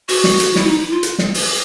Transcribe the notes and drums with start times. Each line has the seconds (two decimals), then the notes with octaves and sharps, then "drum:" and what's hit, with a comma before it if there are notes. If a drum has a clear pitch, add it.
0.09 F#4, drum: open hi-hat
0.24 drum: snare
0.40 drum: hi-hat
0.56 E4, drum: snare
0.67 D#4
0.79 E4
0.91 F4
1.03 drum: hi-hat
1.19 drum: snare
1.34 drum: open hi-hat